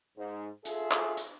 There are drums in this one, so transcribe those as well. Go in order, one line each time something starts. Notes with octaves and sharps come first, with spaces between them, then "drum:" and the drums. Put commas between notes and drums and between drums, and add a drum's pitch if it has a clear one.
G#2
F4 G#4 A4 E5, drum: hi-hat
drum: clap
drum: hi-hat